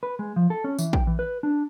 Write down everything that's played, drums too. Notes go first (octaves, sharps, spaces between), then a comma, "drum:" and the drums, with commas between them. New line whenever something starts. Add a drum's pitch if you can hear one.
B4
G#3
F3
A4
C#4
E3, drum: tambourine
G5, drum: kick
E3
B4
D4